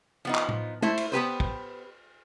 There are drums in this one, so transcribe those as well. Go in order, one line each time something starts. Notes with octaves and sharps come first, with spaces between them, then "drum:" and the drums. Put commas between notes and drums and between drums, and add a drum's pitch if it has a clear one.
F3 B3 D#4
drum: clap
drum: tom
A3 E4 C5, drum: tom
drum: cymbal
B3 G4 B4 C5
drum: kick